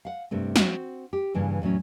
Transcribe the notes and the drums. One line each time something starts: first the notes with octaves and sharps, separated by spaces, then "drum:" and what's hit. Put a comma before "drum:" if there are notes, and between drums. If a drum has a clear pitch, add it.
F5 F#5
G2 C3 A3 C4
C4 F#4, drum: snare
G4
G2 C#3 E3 A#3
E2 A2 F#3 C#4